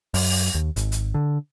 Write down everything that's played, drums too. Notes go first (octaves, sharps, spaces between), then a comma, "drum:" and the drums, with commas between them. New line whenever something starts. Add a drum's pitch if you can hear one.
F#2, drum: open hi-hat
drum: open hi-hat
drum: hi-hat
D#2
G#1, drum: hi-hat
drum: hi-hat
D3